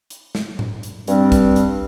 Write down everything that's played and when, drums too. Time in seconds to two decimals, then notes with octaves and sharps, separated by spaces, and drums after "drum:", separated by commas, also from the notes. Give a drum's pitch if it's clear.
0.10 drum: hi-hat
0.35 drum: snare
0.59 drum: tom A2
0.83 drum: hi-hat
1.08 G2 G3 C4 D4, drum: hi-hat
1.32 drum: kick, hi-hat
1.56 drum: hi-hat